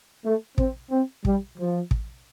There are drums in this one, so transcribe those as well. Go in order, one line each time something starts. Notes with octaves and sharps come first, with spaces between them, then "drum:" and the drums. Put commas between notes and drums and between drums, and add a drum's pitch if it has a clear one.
A3
C4, drum: kick
C4
G3, drum: kick
F3
drum: kick